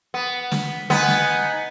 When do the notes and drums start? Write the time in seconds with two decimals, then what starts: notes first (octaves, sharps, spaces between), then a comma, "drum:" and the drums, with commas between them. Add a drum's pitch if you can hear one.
0.14 B3
0.52 drum: snare
0.90 B3 D#4 F#5 G#5, drum: snare
1.08 drum: snare